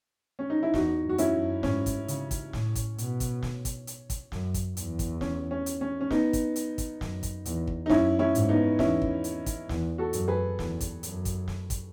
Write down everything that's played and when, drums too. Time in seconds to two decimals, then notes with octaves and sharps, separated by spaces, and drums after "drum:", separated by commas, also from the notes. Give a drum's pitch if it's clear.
0.39 C#4
0.50 D#4
0.63 E4
0.74 E2 D#4 F#4, drum: snare
1.03 F#2
1.09 F#4
1.18 C#4 E4, drum: hi-hat
1.33 F#2
1.63 G#2 C#4, drum: snare
1.86 drum: kick, hi-hat
2.08 C#3, drum: hi-hat
2.31 drum: kick, hi-hat
2.53 A2, drum: snare
2.75 drum: kick, hi-hat
2.98 B2, drum: hi-hat
3.20 drum: kick, hi-hat
3.43 drum: snare
3.65 drum: kick, hi-hat
3.87 drum: hi-hat
4.10 drum: kick, hi-hat
4.32 F#2, drum: snare
4.54 drum: kick, hi-hat
4.77 E2, drum: hi-hat
4.99 drum: kick, hi-hat
5.21 C#4, drum: snare
5.51 C#4
5.66 drum: hi-hat
5.81 C#4
6.01 C#4
6.11 B3 D#4, drum: snare
6.33 drum: kick, hi-hat
6.56 drum: hi-hat
6.78 drum: kick, hi-hat
7.01 F#2, drum: snare
7.23 drum: kick, hi-hat
7.45 E2, drum: hi-hat
7.67 drum: kick
7.86 D#4
7.89 F#2 C#4 E4, drum: snare
8.19 C#4 E4
8.35 G#2, drum: hi-hat
8.49 B3 D#4
8.79 E2 C#4 E4, drum: snare
9.02 drum: kick
9.24 drum: hi-hat
9.46 drum: kick, hi-hat
9.69 E2, drum: snare
9.98 F#4 A4
10.13 F#2, drum: hi-hat
10.28 G#4 B4
10.59 E2, drum: snare
10.81 drum: kick, hi-hat
11.03 F#2, drum: hi-hat
11.25 drum: kick, hi-hat
11.48 drum: snare
11.70 drum: kick, hi-hat